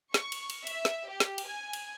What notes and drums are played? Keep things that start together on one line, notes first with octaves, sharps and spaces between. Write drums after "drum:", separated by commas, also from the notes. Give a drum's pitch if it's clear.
C#6, drum: snare
drum: cymbal
drum: cymbal
E5, drum: cymbal
drum: snare
G4
drum: snare
drum: cymbal
G#5
drum: cymbal